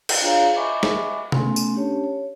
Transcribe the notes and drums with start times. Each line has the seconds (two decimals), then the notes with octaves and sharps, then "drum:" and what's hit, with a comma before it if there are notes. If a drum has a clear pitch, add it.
0.09 drum: cymbal
0.22 D4 F4 G#4 C#5 F5 A#5
0.56 D#5 E5 G#5 B5 C#6 D6
0.83 drum: snare
1.32 A3 B3 C#4 A4 G#5 C6, drum: tom C3
1.56 drum: tambourine
1.74 C#4 D4 G4 C#5 A5
2.04 C#5